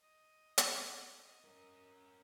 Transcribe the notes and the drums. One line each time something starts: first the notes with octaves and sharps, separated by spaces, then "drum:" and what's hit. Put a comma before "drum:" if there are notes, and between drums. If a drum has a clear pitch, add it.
D#5
drum: hi-hat
D#5
C#4 A#4